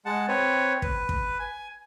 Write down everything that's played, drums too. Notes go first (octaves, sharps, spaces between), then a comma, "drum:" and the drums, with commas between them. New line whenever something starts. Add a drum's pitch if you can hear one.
G#3 F#5 A5
C4 B4 C#5
B4, drum: kick
drum: kick
G#5